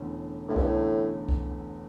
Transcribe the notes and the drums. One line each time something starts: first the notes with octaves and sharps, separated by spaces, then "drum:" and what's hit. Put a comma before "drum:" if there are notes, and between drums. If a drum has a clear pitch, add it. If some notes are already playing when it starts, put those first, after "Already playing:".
Already playing: E1 E2 D3 A3 C#4
E1 E2 A2 D3 A3 C#4
G2, drum: kick C2
A2
drum: kick C2